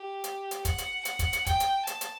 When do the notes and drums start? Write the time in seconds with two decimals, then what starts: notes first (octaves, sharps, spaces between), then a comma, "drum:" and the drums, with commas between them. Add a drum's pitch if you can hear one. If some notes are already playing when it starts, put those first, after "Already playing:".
Already playing: G4
0.24 drum: hi-hat
0.51 drum: hi-hat
0.65 F#5, drum: kick, hi-hat
0.78 drum: hi-hat
1.05 F#5, drum: hi-hat
1.19 drum: kick, hi-hat
1.33 drum: hi-hat
1.46 G5, drum: kick, hi-hat
1.60 drum: hi-hat
1.87 A5, drum: hi-hat
2.01 drum: hi-hat